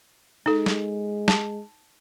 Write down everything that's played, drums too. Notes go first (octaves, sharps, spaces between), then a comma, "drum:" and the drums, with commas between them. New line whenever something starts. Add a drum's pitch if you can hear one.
G#3 D#4 A4
drum: snare
A5, drum: snare